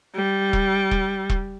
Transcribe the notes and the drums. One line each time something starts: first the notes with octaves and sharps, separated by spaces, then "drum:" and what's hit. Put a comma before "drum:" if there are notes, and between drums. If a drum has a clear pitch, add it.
G3
drum: kick E1
drum: kick E1
drum: kick E1